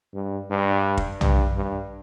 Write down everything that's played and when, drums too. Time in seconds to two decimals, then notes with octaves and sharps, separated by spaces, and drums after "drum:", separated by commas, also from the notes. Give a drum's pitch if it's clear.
0.14 G2
0.50 G2
0.97 drum: kick
1.21 G2, drum: tom
1.56 G2